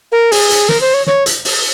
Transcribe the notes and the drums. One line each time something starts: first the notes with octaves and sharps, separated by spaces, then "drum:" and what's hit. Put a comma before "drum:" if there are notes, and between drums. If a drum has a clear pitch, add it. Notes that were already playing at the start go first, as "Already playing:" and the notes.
A#4
G#4, drum: open hi-hat
drum: hi-hat
A#4, drum: snare
C5
C#5
C#5, drum: snare
drum: hi-hat
drum: open hi-hat